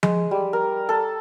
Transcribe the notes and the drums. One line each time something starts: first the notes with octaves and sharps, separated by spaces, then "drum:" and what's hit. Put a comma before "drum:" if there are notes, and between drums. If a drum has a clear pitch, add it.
G#3, drum: tom F3
G3
A#4
A4